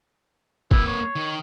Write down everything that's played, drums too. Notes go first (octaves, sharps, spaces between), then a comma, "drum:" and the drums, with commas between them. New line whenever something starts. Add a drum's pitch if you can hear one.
A#3 E4 B4, drum: kick
C#5
D#3